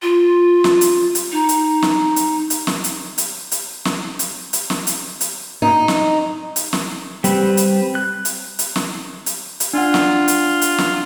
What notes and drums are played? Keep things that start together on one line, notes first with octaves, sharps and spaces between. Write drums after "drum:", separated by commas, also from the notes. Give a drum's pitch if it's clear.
F4
drum: snare
drum: hi-hat
drum: hi-hat
D#4
drum: hi-hat
drum: snare
drum: hi-hat
drum: hi-hat
drum: snare
drum: hi-hat
drum: hi-hat
drum: hi-hat
drum: snare
drum: hi-hat
drum: hi-hat
drum: snare
drum: hi-hat
drum: hi-hat
D#4
drum: snare
drum: hi-hat
drum: snare
G3 C4 B4, drum: hi-hat
drum: hi-hat
F#6
drum: hi-hat
drum: hi-hat
drum: snare
drum: hi-hat
drum: hi-hat
D4 F4 F#5
drum: snare
drum: hi-hat
drum: hi-hat
drum: snare